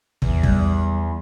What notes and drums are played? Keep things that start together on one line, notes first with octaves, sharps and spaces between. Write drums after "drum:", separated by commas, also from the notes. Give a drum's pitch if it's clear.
E2, drum: kick
G3, drum: kick